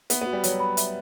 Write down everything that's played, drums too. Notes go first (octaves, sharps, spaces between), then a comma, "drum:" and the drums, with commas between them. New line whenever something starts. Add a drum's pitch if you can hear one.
B3 E5, drum: hi-hat
B3
F#4
G3
F#3 C#5, drum: hi-hat
B5
E5, drum: hi-hat